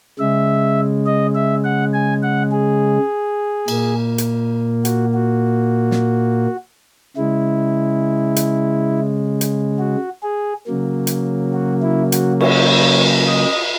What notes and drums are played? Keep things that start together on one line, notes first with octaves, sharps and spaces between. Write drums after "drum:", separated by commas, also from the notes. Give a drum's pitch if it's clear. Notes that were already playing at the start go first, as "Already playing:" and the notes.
C#3 G#3 E5
D#5
E5
F#5
G#5
F#5
G#4
A#2 A#3, drum: cymbal
drum: hi-hat
F#4, drum: hi-hat
F#4
drum: snare
C#3 G#3 E4
drum: hi-hat
drum: hi-hat
F#4
G#4
C#3 F#3 A#3
drum: hi-hat
F#4
E4
F#4, drum: hi-hat
C#5, drum: cymbal
D#5